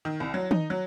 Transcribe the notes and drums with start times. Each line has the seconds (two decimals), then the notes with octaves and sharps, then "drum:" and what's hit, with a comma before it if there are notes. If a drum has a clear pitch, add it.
0.05 D#3
0.20 C2
0.34 F#3
0.51 D#4, drum: tom D#3
0.70 F#3